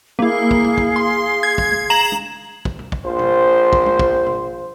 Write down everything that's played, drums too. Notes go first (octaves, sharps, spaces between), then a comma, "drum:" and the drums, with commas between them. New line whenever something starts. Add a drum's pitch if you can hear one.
A#3 E4 G#4 F5
drum: kick
drum: tom
drum: kick
C6
G#6
drum: kick
drum: tom
A#5 E7 F#7
drum: tom
drum: kick
drum: tom
drum: kick
A#1 F3 C5
drum: tom
drum: kick
drum: tom
drum: kick
drum: tom